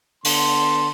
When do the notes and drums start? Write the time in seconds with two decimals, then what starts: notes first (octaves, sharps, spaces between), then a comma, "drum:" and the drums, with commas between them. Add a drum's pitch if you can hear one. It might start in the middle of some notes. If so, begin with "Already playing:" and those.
0.25 D3 B3 A5 C6, drum: open hi-hat